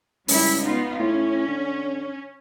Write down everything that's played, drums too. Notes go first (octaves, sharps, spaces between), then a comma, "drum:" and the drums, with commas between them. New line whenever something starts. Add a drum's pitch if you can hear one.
C#2 G3 E4, drum: open hi-hat
B3 D#4 F4
A2 C#4
D3